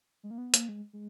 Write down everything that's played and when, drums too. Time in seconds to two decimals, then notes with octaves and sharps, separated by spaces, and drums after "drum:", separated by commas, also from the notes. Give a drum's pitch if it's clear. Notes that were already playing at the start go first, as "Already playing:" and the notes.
0.23 G#3
0.31 A#3
0.38 B3
0.54 A#3, drum: hi-hat
0.69 G#3
0.93 G#3